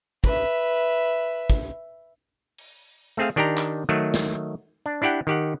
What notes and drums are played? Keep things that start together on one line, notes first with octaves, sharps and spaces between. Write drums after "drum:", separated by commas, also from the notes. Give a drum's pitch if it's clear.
B4 E5, drum: kick
drum: kick
drum: open hi-hat
A3 C4 G#4 F5
D#3 D4 G4 G5 A#5
drum: clap
D#3 F#3 A3
drum: snare
D4
D4 E4 G4 F#5 G5
D#3 G4 F#5